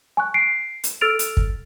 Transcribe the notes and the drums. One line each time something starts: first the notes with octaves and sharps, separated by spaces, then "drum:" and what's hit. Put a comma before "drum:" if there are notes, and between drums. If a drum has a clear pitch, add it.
G#5 C#6 F#6
C7 D7
drum: hi-hat
A4 E6 F6 A6 D7 F7
drum: hi-hat
drum: kick